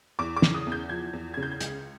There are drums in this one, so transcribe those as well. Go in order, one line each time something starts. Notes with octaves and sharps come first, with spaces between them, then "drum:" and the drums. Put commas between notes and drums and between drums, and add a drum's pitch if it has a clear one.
E2 D6
D6
C#3, drum: snare
D#6
E2
G6
F3 G#6
E2
C#3 G#6
G6
G#6
C#2, drum: hi-hat